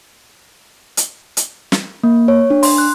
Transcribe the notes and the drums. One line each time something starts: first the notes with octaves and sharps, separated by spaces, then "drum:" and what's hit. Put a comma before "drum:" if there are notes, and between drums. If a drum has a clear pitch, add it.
drum: hi-hat
drum: hi-hat
drum: snare
A#3
C#5
D4
C6, drum: open hi-hat
F#6